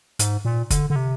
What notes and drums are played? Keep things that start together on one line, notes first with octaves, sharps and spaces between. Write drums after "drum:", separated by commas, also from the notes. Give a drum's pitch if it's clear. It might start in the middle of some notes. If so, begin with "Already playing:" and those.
G#2, drum: hi-hat
A#2
D3, drum: kick F#1, hi-hat
D3
C3